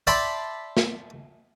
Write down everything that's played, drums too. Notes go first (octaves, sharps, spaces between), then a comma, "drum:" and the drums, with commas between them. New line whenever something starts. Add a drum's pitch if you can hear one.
D5 E5 G5 A5 B5 C6
drum: snare